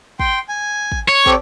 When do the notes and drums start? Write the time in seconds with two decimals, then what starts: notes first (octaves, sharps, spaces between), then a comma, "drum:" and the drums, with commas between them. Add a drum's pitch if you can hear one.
0.20 G5 C6, drum: kick
0.49 G#5
0.92 drum: kick
1.08 C#5
1.26 C4 G4 A4, drum: kick